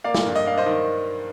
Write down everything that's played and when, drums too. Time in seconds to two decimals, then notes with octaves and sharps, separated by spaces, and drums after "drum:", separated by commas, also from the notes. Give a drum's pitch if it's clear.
0.04 A#3 D5 F5
0.15 drum: snare
0.26 G2
0.35 D#5
0.45 D4 F5
0.58 C5 D#5
0.66 D#3